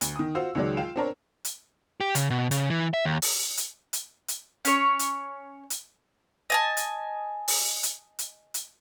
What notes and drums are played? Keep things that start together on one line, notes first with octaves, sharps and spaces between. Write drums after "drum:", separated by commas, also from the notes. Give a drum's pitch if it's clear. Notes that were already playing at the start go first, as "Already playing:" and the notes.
D2, drum: hi-hat
D#3 D#6
F4 F#4 C5 E6
C#2 D#3 F#3 G#3 D5
F4 F5 G5 E7
C4 D4 A#4 C#5
drum: hi-hat
G4
C#3, drum: hi-hat
B2
C#3, drum: hi-hat
E3
E5
D#2
drum: open hi-hat
drum: hi-hat
drum: hi-hat
drum: hi-hat
C#4 C#5, drum: hi-hat
drum: hi-hat
drum: hi-hat
D#5 G#5 A5
drum: hi-hat
drum: open hi-hat
drum: hi-hat
drum: hi-hat
drum: hi-hat